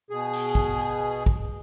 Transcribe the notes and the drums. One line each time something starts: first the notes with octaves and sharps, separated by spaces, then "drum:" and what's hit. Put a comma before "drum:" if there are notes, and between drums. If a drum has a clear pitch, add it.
B2 G#4
drum: open hi-hat
drum: kick
drum: kick